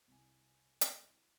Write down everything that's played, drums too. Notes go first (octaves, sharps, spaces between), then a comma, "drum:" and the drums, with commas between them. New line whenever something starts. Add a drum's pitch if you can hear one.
C2 G#5
drum: hi-hat